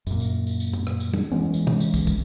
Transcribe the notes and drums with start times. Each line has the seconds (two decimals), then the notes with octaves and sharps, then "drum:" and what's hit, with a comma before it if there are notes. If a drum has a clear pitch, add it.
0.07 F#2 A#2, drum: tambourine
0.20 drum: tambourine
0.47 drum: tambourine
0.60 drum: tambourine
0.73 drum: tom A2
0.87 drum: rim click
1.00 drum: tambourine
1.14 drum: tom
1.31 E3 G#3 B3 C#4
1.54 drum: tambourine
1.67 drum: tom
1.80 drum: tambourine
1.94 drum: kick, tambourine
2.07 drum: kick, tambourine